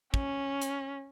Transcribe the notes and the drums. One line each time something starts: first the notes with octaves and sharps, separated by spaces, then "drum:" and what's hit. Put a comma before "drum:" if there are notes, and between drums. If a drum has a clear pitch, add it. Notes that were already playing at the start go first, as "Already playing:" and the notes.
C#4, drum: kick
drum: hi-hat